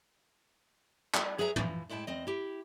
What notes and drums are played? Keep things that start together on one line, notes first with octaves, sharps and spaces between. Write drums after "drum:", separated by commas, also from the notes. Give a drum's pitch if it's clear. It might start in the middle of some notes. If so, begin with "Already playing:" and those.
G3, drum: clap
F#3 G#4 B4 E5 F5 A#5
E3 F3, drum: tom
A2 G#3 E4 G5 A5
E2 C4 D#5
E4 G4